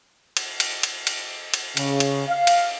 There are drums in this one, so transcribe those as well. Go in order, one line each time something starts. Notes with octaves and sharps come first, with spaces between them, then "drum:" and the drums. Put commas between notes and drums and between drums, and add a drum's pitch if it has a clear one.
drum: cymbal
drum: cymbal
drum: cymbal
drum: cymbal
drum: cymbal
C#3, drum: cymbal
drum: cymbal
F5
drum: cymbal